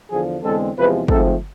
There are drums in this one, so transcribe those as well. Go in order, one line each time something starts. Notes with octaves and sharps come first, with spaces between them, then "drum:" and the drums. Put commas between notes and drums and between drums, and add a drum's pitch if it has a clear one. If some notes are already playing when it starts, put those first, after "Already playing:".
E2 D3 F3 G#4
E2 D3 G#3 C4 A4
E2 C3 F3 G#3 B4
G#2 F3 A3 C4 A4, drum: kick